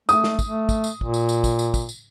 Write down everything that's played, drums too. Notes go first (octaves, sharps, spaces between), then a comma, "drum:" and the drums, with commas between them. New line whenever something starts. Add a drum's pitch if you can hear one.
A3 D#6, drum: tambourine
drum: snare
drum: kick, tambourine
A3
drum: kick, tambourine
drum: tambourine
A#2, drum: kick
drum: tambourine
drum: tambourine
drum: kick, tambourine
drum: tambourine
drum: kick, tambourine
drum: tambourine